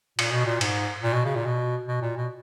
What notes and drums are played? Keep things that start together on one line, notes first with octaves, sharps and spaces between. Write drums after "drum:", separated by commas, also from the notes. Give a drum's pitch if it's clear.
A#2, drum: cymbal
B2
A#2
G#2, drum: cymbal
A#2
B2
C#3
A#2
B2
B2
A#2
B2